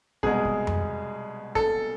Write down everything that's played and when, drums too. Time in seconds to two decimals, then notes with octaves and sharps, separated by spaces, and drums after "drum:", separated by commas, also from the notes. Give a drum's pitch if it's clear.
0.23 C2 B2 G#3 G#4, drum: kick
0.45 drum: kick
0.67 drum: tom F2
1.55 A4, drum: kick